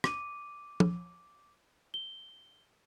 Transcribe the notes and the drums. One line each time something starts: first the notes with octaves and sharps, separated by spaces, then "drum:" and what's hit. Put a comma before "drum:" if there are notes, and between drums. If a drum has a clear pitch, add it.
D6 D#7, drum: rim click
drum: tom
G7